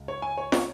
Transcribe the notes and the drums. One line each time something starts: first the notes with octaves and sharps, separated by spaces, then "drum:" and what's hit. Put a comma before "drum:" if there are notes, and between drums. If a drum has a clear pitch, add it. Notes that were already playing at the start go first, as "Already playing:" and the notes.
Already playing: C#2
C#5
G#5
C#5
C#5, drum: snare